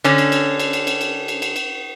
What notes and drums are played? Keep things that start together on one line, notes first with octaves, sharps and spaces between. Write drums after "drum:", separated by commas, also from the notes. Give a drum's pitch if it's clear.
D3 C#4, drum: cymbal
drum: cymbal
drum: cymbal
drum: cymbal
drum: cymbal
drum: cymbal
drum: cymbal
drum: cymbal
drum: cymbal
drum: cymbal